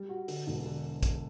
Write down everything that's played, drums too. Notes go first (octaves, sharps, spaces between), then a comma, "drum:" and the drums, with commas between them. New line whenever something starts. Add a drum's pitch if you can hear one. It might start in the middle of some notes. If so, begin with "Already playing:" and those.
Already playing: G3
F#4
D3, drum: open hi-hat
E1
D3
drum: kick, hi-hat